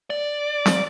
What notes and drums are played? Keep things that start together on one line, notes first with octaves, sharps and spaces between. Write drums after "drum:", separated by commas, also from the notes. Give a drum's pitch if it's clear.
D5
drum: snare